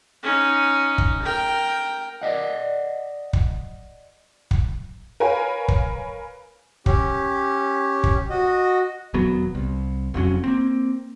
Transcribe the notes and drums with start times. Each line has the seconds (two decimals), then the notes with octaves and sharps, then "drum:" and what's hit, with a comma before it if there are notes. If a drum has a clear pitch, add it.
0.23 C#4 D#4
0.98 drum: kick
1.22 A#4 G5
2.22 D5 D#5 F#5
3.33 drum: kick
4.51 drum: kick
5.20 A#4 B4 C#5 F5 G#5
5.68 drum: kick
6.86 C#4 G4, drum: kick
8.04 drum: kick
8.30 F#4 D#5
9.14 E1 D#2 F#3 B3
9.55 C2
10.14 F1 F2 F#3 C#4
10.44 A#3 C4